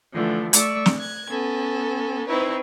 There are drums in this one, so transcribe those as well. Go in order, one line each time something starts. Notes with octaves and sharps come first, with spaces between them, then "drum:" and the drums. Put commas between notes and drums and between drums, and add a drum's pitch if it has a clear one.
D3 E3 F3 A3
A3 D5 C#6 E6, drum: hi-hat
drum: snare
F#6 G#6
B3 C#4 A4
C4 D#4 E4 B4 C#5